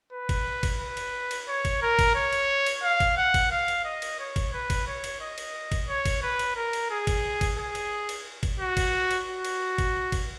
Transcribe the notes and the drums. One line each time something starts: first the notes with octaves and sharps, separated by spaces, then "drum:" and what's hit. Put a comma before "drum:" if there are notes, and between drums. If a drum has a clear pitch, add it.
B4
drum: kick, cymbal
drum: kick, cymbal
B4
drum: cymbal
drum: cymbal
C#5
drum: kick, cymbal
A#4
drum: kick, cymbal
C#5
drum: cymbal
drum: cymbal
F5
drum: kick, cymbal
F#5
drum: kick, cymbal
F5
drum: cymbal
D#5
drum: cymbal
C#5
drum: kick, cymbal
B4
drum: kick, cymbal
C#5
drum: cymbal
D#5
drum: cymbal
drum: kick, cymbal
C#5
drum: kick, cymbal
B4
drum: cymbal
A#4
drum: cymbal
G#4
drum: kick, cymbal
drum: kick, cymbal
G#4
drum: cymbal
drum: cymbal
drum: kick, cymbal
F#4
drum: kick, cymbal
drum: cymbal
F#4
drum: cymbal
drum: kick, cymbal
drum: kick, cymbal